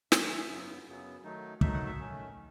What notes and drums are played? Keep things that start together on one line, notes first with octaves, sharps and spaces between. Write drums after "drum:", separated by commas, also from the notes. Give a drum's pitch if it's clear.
G#2 D#3 F#3 C#4 E5, drum: snare
F#2 C#3 F#3 B3
F#2 C#3 F#3 B3
D#3 F#3 A3 D#4
D#3 F#3 A3 D#4 E5, drum: kick
F#5
E5
D#3 A3 C#4
D#3